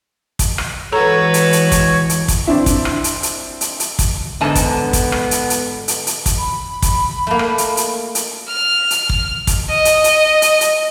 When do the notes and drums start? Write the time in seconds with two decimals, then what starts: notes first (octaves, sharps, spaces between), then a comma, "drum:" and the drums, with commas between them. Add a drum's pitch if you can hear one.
0.39 drum: kick, hi-hat
0.58 drum: rim click
0.92 E3 G#3 F#4 A4 B4 C#5 A#5
1.34 drum: hi-hat
1.53 drum: hi-hat
1.72 drum: kick, hi-hat
2.09 drum: hi-hat
2.28 drum: kick, hi-hat
2.47 C4 D4 E4
2.66 drum: kick, hi-hat
2.85 drum: rim click
3.04 drum: hi-hat
3.23 drum: hi-hat
3.61 drum: hi-hat
3.80 drum: hi-hat
3.99 drum: kick, hi-hat
4.41 G#2 D3 B3 A5
4.55 drum: kick, hi-hat
4.93 drum: kick, hi-hat
5.12 drum: rim click
5.31 drum: hi-hat
5.50 drum: hi-hat
5.88 drum: hi-hat
6.07 drum: hi-hat
6.26 drum: kick, hi-hat
6.38 B5
6.82 drum: kick, hi-hat
7.27 A3 A#3
7.39 drum: rim click
7.58 drum: hi-hat
7.77 drum: hi-hat
8.15 drum: hi-hat
8.48 F6
8.91 drum: hi-hat
9.09 drum: kick
9.47 drum: kick, hi-hat
9.70 D#5
9.85 drum: hi-hat
10.04 drum: hi-hat
10.42 drum: hi-hat
10.61 drum: hi-hat